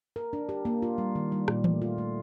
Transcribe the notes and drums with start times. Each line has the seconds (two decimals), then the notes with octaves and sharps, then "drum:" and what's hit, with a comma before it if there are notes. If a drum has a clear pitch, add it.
0.16 A#4
0.33 D4
0.49 G4
0.65 A#3
0.82 F4
0.98 G3
1.15 D#3
1.32 G3
1.48 A#2, drum: rim click
1.64 A3, drum: tom E3
1.82 F4
1.98 A3